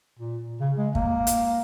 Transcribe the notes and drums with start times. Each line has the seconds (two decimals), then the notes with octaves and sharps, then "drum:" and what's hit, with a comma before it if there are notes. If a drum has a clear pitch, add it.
0.19 A#2
0.60 C#3
0.78 G#3
0.95 A#3, drum: kick
1.27 drum: hi-hat